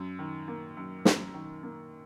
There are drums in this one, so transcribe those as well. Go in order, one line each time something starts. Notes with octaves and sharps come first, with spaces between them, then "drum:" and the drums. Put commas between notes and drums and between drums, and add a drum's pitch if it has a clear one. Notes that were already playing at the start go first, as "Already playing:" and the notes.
Already playing: F#2
D#3
A#3
F#2
F#2, drum: snare
D#3
A#3